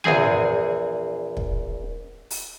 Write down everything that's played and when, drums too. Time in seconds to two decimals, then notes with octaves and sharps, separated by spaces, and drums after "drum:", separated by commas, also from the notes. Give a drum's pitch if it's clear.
0.04 A#1 E2 C4 G#4 G#5, drum: tom
1.37 drum: kick
2.31 drum: open hi-hat